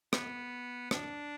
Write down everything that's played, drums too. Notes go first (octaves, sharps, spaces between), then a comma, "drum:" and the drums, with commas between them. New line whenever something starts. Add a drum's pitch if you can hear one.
B3, drum: rim click
D4, drum: rim click